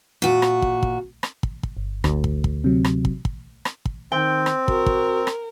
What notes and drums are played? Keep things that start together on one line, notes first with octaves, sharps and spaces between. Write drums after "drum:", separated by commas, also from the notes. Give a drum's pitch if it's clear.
A#2 F#4
drum: rim click
drum: kick
drum: kick
drum: rim click
drum: kick
drum: kick
G1
D2, drum: rim click
drum: kick
drum: kick
C3 F#3
drum: rim click
drum: kick
drum: kick
drum: rim click
drum: kick
D#3 C4 G5
drum: rim click
F#4 A#4, drum: kick
drum: kick
drum: rim click